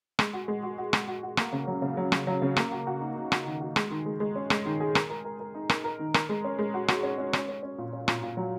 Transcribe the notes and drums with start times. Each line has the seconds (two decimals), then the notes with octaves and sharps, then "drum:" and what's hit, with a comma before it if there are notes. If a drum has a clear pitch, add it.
0.19 G#3, drum: rim click
0.33 F#4
0.48 G#3
0.63 F#4
0.78 F#4
0.93 G#3, drum: rim click
1.08 F#4
1.23 F#4
1.37 A#3, drum: rim click
1.53 C#3
1.67 F#3
1.82 C#3
1.97 F#3
2.12 F#3, drum: rim click
2.27 F#3
2.42 C#3
2.57 A#3, drum: rim click
2.72 F#4
2.87 F#4
3.01 D#4
3.17 D#4
3.32 F#4, drum: rim click
3.46 D#3
3.61 F#4
3.76 G#3, drum: rim click
3.91 D#3
4.06 G#3
4.20 G#3
4.36 C#4
4.50 G#3, drum: rim click
4.66 D#3
4.80 G#4
4.95 A#4, drum: rim click
5.10 A#4
5.25 A#4
5.40 A#4
5.55 D#4
5.69 A#4, drum: rim click
5.84 A#4
5.99 D#3
6.14 A#4, drum: rim click
6.29 G#3
6.44 C#4
6.59 G#3
6.74 F#4
6.88 F#4, drum: rim click
7.03 C#4
7.18 C#4
7.33 C#4, drum: rim click
7.49 C#4
7.63 C#4
7.78 A#2
7.93 C#4
8.08 A#2, drum: rim click
8.23 A#2
8.37 F#3